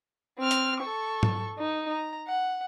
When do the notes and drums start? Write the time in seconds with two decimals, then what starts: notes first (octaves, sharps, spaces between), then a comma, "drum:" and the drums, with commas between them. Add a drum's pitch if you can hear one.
0.39 C4 F6
0.51 drum: hi-hat
0.81 A4 C#6
1.23 drum: tom G#2
1.59 D#4
1.90 A#5
2.28 F#5